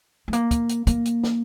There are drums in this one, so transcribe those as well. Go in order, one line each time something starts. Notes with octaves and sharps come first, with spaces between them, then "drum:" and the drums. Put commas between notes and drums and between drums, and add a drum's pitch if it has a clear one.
A3
A#3, drum: hi-hat
drum: kick, hi-hat
drum: hi-hat
A#3, drum: kick, hi-hat
drum: hi-hat
drum: snare